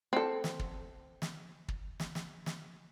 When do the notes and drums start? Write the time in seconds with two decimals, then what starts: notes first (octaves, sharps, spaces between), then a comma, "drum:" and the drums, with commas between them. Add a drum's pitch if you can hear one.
0.13 C4 A4
0.44 drum: snare
0.59 drum: kick
1.22 drum: snare
1.68 drum: kick
2.00 drum: snare
2.15 drum: snare
2.46 drum: snare